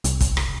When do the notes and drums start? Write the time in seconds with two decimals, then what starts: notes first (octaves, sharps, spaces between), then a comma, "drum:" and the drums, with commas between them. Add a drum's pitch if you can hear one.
0.04 C2, drum: hi-hat
0.21 drum: kick, hi-hat
0.37 drum: rim click